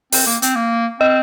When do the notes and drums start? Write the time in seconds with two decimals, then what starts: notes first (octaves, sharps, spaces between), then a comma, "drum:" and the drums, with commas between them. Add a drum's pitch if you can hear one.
0.13 C4, drum: open hi-hat
0.27 A#3
0.42 C4, drum: hi-hat
0.56 A#3
1.00 C4 D#5